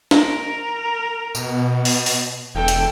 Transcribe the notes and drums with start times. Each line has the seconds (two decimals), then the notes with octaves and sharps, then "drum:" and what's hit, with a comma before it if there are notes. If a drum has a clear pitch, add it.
0.11 A#4, drum: snare
1.35 B2, drum: tambourine
1.85 drum: open hi-hat
2.06 drum: open hi-hat
2.55 E1 A4 G5
2.68 drum: hi-hat